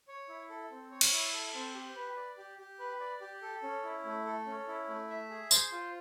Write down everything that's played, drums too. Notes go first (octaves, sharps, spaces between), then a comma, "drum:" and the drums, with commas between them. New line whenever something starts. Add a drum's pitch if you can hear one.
C#5
E4
A4
C4
C#5
drum: cymbal
E4
A4
C4
G4
B4
D5
G4
G4
B4
D5
G4
A4
C#4
E4
A3
A4
C#4
E4
A3
E5
G#4
C5, drum: tambourine
F4